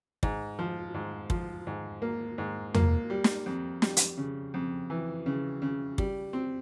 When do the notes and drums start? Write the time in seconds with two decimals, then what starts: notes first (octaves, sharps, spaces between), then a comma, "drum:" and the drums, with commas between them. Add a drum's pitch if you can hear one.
0.23 G#2, drum: kick
0.59 F3
0.94 G#2
1.30 F3, drum: kick
1.67 G#2
2.02 A#3
2.38 G#2
2.74 A#3, drum: tom E2
3.10 G3
3.24 drum: snare
3.46 F2
3.82 G3, drum: snare
3.97 drum: hi-hat
4.17 C#3
4.54 F2
4.90 E3
5.26 C#3
5.62 C#3
5.98 G3, drum: kick
6.33 C4